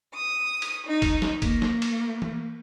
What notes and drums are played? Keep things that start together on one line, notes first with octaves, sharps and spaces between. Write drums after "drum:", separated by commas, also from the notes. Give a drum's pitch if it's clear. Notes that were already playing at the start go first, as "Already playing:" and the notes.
D#6
drum: cymbal
D#4
drum: kick B1, cymbal
drum: snare
A#3, drum: kick B1, cymbal
drum: snare
drum: cymbal
drum: tom E3